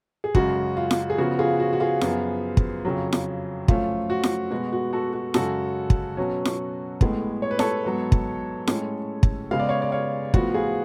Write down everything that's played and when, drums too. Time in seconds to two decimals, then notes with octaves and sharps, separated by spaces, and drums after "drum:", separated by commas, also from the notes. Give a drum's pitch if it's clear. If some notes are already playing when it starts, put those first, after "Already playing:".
0.24 G#4
0.35 F#2 C#3 G#3 F#4, drum: kick
0.77 F4
0.91 drum: snare
1.10 G#4
1.18 C#3 F3 B3 F#4
1.39 F4 G#4
1.60 F#4
1.73 F#4
1.80 F4 G#4
2.01 F#2 F3 B3, drum: snare
2.57 drum: kick
2.85 F2 C#3 F#3
3.13 drum: snare
3.68 F#2 F3 A3 C#4 F4, drum: kick
4.10 F#4
4.23 drum: snare
4.51 B2 G#3 B3 F#4
4.73 F#4
4.93 F#4 A4
5.13 F#4
5.34 F#2 C#3 G#3 C#4 F#4 A4, drum: snare
5.90 drum: kick
6.17 B2 F#3 C#4
6.45 drum: snare
7.01 A2 G#3 B3, drum: kick
7.42 C#5
7.51 B4
7.59 A4 C#5, drum: snare
7.84 G#2 F#3 B3
8.12 drum: kick
8.67 A2 G#3 C#4, drum: snare
9.23 drum: kick
9.51 C#3 G#3 B3 F5
9.59 D5
9.69 C#5 F5
9.82 D5
9.92 C#5 F5
10.34 A2 F3 B3 F#4, drum: kick
10.54 F4 G#4